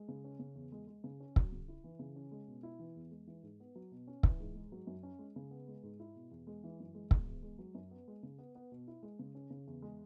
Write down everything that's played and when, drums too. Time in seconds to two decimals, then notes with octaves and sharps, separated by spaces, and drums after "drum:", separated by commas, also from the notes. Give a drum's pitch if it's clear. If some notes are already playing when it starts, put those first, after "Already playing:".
Already playing: G#3
0.08 C#3
0.24 C#4
0.39 C#3
0.55 E2
0.72 G#3
0.87 G#3
1.04 C#3
1.20 C#4
1.36 F#3, drum: kick
1.52 C#3
1.68 E4
1.84 E3
1.99 C#3
2.16 C#4
2.31 G#3
2.47 B2
2.63 E4
2.79 E3
2.96 E2
3.11 G#3
3.27 E3
3.43 G#2
3.60 B3
3.75 F#3
3.92 B2
4.07 C#4
4.23 E3, drum: kick
4.40 G#2
4.55 G#3
4.72 F#3
4.87 F#2
5.03 C#4
5.19 G#3
5.36 C#3
5.51 B3
5.68 G#3
5.83 G#2
6.00 E4
6.15 B2
6.31 E2
6.47 G#3
6.64 E3
6.80 F#2
6.95 G#3
7.11 B2, drum: kick
7.27 E2
7.43 G#3
7.59 F#3
7.75 F#2
7.91 B3
8.08 G#3
8.23 C#3
8.39 B3
8.55 B3
8.72 B2
8.88 E4
9.03 G#3
9.19 C#3
9.35 C#4
9.50 C#3
9.67 E2
9.82 G#3